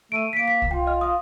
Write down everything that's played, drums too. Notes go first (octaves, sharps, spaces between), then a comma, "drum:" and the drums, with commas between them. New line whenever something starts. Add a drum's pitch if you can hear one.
A3 D7 D#7
A#3 B6 D7
B6
drum: kick C2
F4 G5
D#5 F6
F5 D#6